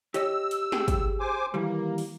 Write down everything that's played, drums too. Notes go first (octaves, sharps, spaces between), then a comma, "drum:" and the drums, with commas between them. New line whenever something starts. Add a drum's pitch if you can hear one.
G4 C#5 D#5 E6, drum: hi-hat
drum: hi-hat
G4 G#4 G5, drum: snare
drum: kick, hi-hat
C5 G#5 D6
D#2 E3 G3 A#3
drum: open hi-hat